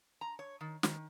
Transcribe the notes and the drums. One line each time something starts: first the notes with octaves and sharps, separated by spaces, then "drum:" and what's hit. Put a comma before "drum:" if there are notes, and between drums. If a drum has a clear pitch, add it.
A#5
C#5
D#3
D#3, drum: snare